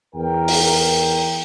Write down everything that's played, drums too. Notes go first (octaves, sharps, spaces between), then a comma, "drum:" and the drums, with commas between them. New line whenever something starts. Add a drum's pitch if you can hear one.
E2 A#4 G5
drum: open hi-hat